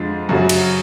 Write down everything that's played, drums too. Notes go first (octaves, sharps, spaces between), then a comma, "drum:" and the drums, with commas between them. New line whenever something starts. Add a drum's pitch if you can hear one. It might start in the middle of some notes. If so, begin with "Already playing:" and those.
Already playing: F2 D3 F3 G#3
F#2 C#3 F#3
drum: cymbal